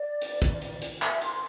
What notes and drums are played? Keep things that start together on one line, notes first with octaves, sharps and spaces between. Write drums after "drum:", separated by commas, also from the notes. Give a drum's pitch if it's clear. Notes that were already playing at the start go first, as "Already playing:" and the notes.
Already playing: D5
drum: hi-hat
drum: kick, hi-hat
drum: hi-hat
drum: hi-hat
E5, drum: clap
C6, drum: hi-hat